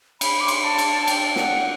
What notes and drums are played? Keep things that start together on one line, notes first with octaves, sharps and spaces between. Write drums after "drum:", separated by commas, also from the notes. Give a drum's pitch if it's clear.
B5, drum: cymbal
D6
C6, drum: cymbal
B5
A5
drum: cymbal
A5
G5, drum: cymbal
F#5, drum: snare